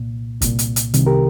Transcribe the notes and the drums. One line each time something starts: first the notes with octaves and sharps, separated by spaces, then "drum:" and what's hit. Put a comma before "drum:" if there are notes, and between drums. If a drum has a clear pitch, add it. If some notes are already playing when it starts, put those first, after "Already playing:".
Already playing: C2 A#2
C2 A#2, drum: kick, hi-hat
drum: hi-hat
drum: hi-hat
C2 C3 D#3, drum: hi-hat
G4 A#4